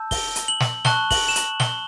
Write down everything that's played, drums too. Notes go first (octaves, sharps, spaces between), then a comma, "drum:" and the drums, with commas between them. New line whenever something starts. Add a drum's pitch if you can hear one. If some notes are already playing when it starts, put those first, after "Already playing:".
Already playing: A5 E6 G6
G7, drum: kick, open hi-hat
drum: hi-hat
F#7
drum: snare
A5 C#6 F#6 G7, drum: snare
F#7, drum: kick, open hi-hat
E7
F#7, drum: hi-hat
G7, drum: snare